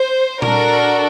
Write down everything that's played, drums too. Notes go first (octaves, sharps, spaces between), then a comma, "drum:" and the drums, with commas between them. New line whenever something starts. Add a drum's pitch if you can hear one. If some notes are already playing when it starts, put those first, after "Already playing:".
Already playing: C5
D4 F#4 A4 A#4, drum: tom A#2